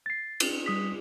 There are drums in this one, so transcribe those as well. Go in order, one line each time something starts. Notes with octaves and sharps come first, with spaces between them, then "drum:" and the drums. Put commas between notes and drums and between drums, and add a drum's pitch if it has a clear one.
A6 C7
drum: cymbal
G3 D#6 B6